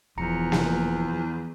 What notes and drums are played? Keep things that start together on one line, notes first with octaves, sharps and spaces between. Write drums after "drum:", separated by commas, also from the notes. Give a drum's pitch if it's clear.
E1 E2 F3 A#5 C#7
drum: snare A#3